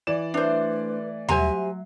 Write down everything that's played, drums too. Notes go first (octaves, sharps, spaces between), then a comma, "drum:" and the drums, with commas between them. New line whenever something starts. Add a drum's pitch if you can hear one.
E3 D5 E7
A3 D4 B4 C5
F#3 G4 C5 E5 G#5 A#5 C6, drum: tom D#2